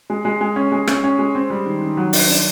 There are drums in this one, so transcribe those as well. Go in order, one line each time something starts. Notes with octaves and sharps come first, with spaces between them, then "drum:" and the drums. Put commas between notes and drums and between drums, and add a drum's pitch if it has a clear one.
G#3
G#3
G#3
C#4
G#3
C#4, drum: rim click
C#4
G#3
C4
G3
D#3
D#3
F#3
D4, drum: open hi-hat
D4